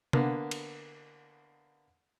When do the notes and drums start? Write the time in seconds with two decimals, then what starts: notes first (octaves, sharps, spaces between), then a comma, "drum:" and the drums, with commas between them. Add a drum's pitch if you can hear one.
0.13 D3 A#3 B3, drum: tom C3
0.51 drum: cymbal